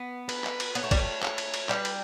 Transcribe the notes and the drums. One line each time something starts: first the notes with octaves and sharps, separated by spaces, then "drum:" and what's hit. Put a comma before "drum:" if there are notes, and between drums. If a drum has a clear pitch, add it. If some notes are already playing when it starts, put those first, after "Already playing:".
Already playing: B3
B4, drum: cymbal
drum: clap
drum: cymbal
B3 C#5, drum: cymbal
A3
G3, drum: kick, cymbal
A3
C#5, drum: clap
drum: cymbal
drum: cymbal
G3 B4, drum: clap
drum: cymbal